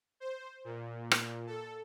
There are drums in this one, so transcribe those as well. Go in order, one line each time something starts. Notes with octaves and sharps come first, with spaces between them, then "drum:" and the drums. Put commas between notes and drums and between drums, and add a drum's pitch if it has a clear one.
C5
A#2
drum: rim click
A4